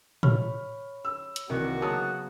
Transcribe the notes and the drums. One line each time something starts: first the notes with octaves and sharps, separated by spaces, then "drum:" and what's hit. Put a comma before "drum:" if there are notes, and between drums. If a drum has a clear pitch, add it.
C#5 B5 C#6 F6, drum: tom A2
E6
drum: hi-hat
C2 D#3 E3 A#3 F#4
C#3 F#3 B3 A5 D#6